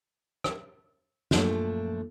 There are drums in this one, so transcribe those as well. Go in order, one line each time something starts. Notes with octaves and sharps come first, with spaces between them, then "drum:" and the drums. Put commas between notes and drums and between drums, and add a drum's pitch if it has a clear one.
drum: rim click
F#2 A#2 F3 A3 D4, drum: snare